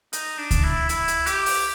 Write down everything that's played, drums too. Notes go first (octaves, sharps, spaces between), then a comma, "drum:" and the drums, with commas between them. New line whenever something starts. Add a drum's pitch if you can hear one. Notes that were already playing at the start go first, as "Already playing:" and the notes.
D#4, drum: hi-hat
D4
drum: kick C#2, hi-hat
E4
E4, drum: hi-hat
drum: hi-hat
G4, drum: hi-hat
drum: open hi-hat